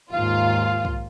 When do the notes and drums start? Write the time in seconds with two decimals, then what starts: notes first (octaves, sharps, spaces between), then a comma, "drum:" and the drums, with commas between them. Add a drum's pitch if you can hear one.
0.13 D#2 G#2 F4 F5
0.85 drum: kick